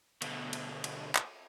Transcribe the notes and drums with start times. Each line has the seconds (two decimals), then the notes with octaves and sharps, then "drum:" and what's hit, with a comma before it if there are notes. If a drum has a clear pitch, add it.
0.22 B2 D3, drum: cymbal
0.53 drum: cymbal
0.84 drum: cymbal
1.15 drum: clap